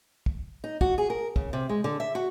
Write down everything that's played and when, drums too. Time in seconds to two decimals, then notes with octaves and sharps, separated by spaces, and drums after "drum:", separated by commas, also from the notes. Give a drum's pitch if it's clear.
0.26 drum: kick
0.64 D#4
0.81 F#4, drum: kick
0.98 G#4
1.10 A#4
1.36 C#3, drum: kick
1.53 C3
1.69 G#3
1.84 D3
2.00 E5
2.15 F#4